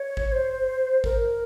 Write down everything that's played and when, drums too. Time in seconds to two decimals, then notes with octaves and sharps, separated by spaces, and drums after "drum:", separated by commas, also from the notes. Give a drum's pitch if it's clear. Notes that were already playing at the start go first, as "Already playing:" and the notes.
Already playing: C#5
0.17 drum: kick G1
0.32 C5
1.04 A#4, drum: kick G1